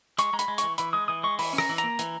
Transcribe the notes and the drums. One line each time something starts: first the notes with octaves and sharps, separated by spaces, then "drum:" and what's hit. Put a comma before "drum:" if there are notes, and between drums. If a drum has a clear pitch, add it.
G#3 C#6, drum: hi-hat
G#3 A#5
B5, drum: hi-hat
G#3
C#6, drum: hi-hat
E3
E3 B5, drum: hi-hat
G#3 D#6
E3 D#6
G#3 C#6
E3 B5, drum: open hi-hat
C#4
A#5, drum: rim click
E3
A#5, drum: hi-hat
A#3
E3, drum: hi-hat